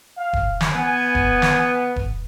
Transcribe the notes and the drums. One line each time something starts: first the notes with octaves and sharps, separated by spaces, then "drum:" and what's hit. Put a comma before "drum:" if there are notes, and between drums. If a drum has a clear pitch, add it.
F5
drum: kick E1
drum: snare
B3 G#5
drum: kick E1
drum: snare
drum: kick E1